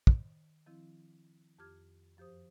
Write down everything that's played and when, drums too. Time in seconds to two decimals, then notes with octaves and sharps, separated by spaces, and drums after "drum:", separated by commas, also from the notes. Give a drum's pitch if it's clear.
0.07 D#3, drum: kick
0.66 D#3 F3 C4 E4
1.59 F2 G4 D6 F6 G#6
2.17 F#2 F3 G4 C5 D#6